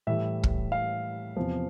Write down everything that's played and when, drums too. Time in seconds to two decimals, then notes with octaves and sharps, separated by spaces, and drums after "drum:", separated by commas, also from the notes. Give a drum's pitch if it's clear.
0.07 A2 E3 G3 E5
0.44 drum: kick
0.72 F5
1.36 E2 C3 F3